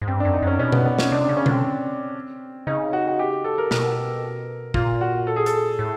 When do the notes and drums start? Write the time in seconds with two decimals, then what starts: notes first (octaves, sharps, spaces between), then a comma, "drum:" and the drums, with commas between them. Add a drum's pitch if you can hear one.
0.02 G#2
0.07 G2 C4
0.20 F#2 D4
0.33 D#4
0.42 F#2 C#4
0.59 B2 C#4
0.72 B3, drum: tom B2
0.86 B3
0.99 C#4, drum: snare
1.12 C3 D4
1.24 C#3 D4
1.37 C#4
1.46 D3, drum: tom B2
1.51 C4
2.67 C#3 D#4
2.93 F#4
3.08 F#4
3.19 G4
3.44 A4
3.58 A#4
3.71 B2 A#4, drum: snare
4.74 A#2 F4, drum: kick
5.01 F#4
5.27 A4
5.36 G#4
5.46 A4, drum: hi-hat
5.79 A2